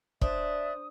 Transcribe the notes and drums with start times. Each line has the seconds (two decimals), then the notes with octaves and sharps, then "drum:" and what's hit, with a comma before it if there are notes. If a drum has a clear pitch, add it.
0.21 D4 C5 D5 E5 D#6 F#6, drum: kick